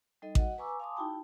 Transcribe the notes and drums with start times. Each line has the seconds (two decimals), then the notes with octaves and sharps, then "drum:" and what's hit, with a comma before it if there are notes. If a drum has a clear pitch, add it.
0.22 G3 D#4 A4 D#5
0.35 F#4 D#5 F#5, drum: kick A1
0.58 B4 G#5 A#5 C#6 D6 E6
0.80 F5 G#5 A5 C6 D6 D#6
0.96 D#4 E4 F#4 G5 A5 B5